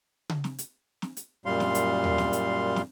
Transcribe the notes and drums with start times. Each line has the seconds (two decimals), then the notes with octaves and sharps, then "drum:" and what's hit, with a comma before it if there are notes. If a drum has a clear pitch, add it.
0.29 drum: tom C#3
0.44 drum: snare
0.59 drum: hi-hat
1.02 drum: snare
1.17 drum: hi-hat
1.46 F#2 A#2 G3 F5 C6
1.60 drum: snare
1.75 drum: hi-hat
2.04 drum: tom D#2
2.18 drum: snare
2.33 drum: hi-hat
2.76 drum: snare